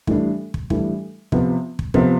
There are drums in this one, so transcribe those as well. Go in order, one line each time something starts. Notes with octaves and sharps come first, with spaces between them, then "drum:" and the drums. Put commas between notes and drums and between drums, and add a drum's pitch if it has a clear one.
A2 E3 G3 D4, drum: kick
drum: kick
A2 E3 G3 D4, drum: kick
C3 F3 B3, drum: kick
drum: kick
C3 F3 B3, drum: kick